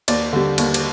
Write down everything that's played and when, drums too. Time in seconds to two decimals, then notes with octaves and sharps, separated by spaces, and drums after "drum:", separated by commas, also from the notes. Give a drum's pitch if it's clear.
0.08 D#2 D5, drum: cymbal
0.33 D3 G3
0.58 D#2, drum: cymbal
0.74 drum: cymbal